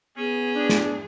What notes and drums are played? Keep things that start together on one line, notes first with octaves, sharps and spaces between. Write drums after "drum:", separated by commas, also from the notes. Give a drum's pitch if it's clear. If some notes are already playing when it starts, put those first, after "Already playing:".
B3 C#4 G#4
D4
drum: snare